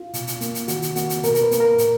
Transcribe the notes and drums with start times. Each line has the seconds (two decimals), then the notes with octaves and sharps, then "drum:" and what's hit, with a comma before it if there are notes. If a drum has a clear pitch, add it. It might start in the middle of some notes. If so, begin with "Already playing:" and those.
Already playing: F4
0.14 B2, drum: hi-hat
0.27 drum: hi-hat
0.41 A#3, drum: hi-hat
0.55 drum: hi-hat
0.68 D#3 F#4, drum: hi-hat
0.82 drum: hi-hat
0.96 A#3 F#4, drum: hi-hat
1.10 drum: hi-hat
1.23 B2 A#4, drum: hi-hat
1.35 A#4, drum: hi-hat
1.42 B4
1.51 A#3, drum: hi-hat
1.60 A#4
1.78 A#2, drum: hi-hat